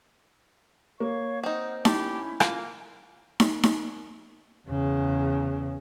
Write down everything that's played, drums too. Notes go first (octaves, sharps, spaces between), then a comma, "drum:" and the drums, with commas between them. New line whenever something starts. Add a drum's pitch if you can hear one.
A#3 C#5 F5 C#6
C4 D#4 F#5 D#6 F6
C#4 E4 G4 A5, drum: snare D#4
A#3 F4, drum: rim click
drum: snare D#4
drum: snare D#4
E2 C#3